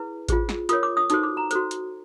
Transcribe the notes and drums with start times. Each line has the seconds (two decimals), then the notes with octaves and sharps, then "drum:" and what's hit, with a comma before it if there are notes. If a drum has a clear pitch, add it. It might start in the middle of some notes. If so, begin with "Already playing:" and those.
Already playing: E4 G#4 B4
0.29 F4 G#4 C5, drum: kick A1, hi-hat
0.49 drum: snare
0.69 F4 A#4 C#5 D#6, drum: hi-hat
0.83 D6
0.97 D#6
1.10 D#4 F#4 A4 C5 D#6, drum: hi-hat
1.23 D6
1.37 A#5
1.51 F#4 A4 C5, drum: hi-hat
1.71 drum: hi-hat